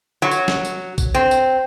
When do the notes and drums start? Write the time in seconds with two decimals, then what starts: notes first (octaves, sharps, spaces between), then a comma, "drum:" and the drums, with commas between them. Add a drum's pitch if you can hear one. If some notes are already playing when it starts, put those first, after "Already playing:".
0.22 F#3
0.31 drum: tambourine
0.48 drum: snare
0.65 drum: tambourine
0.98 drum: kick A#1, tambourine
1.14 C4
1.31 drum: tambourine